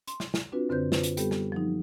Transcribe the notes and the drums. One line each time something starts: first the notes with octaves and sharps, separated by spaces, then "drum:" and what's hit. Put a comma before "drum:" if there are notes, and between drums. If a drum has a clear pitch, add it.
C6, drum: hi-hat
drum: snare
drum: snare
C4 D4 F4 F#4 B4
F#2 D3 C4 B4 C5 G6
F4 B4 C5, drum: snare
drum: hi-hat
G3 B3 G4 A4, drum: hi-hat
drum: snare
F3 F#3 D#4